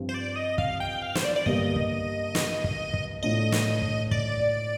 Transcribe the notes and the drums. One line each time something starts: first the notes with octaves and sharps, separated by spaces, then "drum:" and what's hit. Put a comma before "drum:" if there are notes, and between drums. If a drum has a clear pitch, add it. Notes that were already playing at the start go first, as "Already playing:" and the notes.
Already playing: G2 F3 C4 F4
C5
D5
D#5
F5, drum: kick
G5
F5
C5, drum: snare
D5
D5
G2 D3 G3 A#3 D#5, drum: kick
drum: kick
drum: snare
drum: kick
drum: kick
A2 A3 D4 F4 D#5
drum: snare
drum: kick
D5, drum: kick